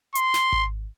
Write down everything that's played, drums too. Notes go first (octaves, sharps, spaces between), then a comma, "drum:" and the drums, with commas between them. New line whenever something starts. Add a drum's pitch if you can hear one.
C6, drum: hi-hat
drum: snare
drum: kick G#1